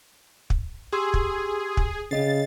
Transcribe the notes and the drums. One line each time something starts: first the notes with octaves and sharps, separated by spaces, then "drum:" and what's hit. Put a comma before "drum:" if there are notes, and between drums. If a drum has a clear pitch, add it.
drum: kick
G4 G#4 C6 E6
drum: kick
drum: kick
C#3 C#4 D#5 A6 C7